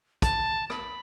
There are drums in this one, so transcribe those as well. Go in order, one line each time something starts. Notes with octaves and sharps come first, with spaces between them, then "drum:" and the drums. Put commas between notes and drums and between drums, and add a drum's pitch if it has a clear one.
A5, drum: kick, hi-hat
B5, drum: rim click